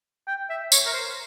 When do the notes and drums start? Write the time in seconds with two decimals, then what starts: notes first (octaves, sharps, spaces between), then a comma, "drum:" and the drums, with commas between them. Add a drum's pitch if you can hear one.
0.28 G5
0.50 E5
0.72 C#5, drum: tambourine
0.86 A#4
0.93 C5